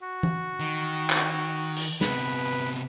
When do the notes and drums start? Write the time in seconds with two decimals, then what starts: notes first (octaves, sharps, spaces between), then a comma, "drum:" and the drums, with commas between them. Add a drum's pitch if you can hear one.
0.02 F#4
0.23 drum: tom E3
0.60 D#3
1.10 drum: clap
1.76 drum: cymbal
2.01 C3 B3 B4, drum: snare